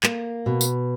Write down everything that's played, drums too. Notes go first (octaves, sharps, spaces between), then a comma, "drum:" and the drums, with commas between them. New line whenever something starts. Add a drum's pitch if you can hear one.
A#3, drum: clap
B2
drum: tambourine